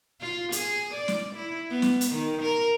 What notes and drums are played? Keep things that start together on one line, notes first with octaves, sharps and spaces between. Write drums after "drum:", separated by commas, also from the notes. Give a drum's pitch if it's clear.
F4
G#4, drum: hi-hat
D5
drum: snare
E4
B3
drum: snare
drum: hi-hat
D#3
A#4